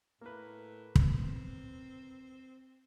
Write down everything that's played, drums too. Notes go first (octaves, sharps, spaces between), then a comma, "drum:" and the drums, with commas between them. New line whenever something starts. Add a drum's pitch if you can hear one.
A2 A#3 B4
C4, drum: kick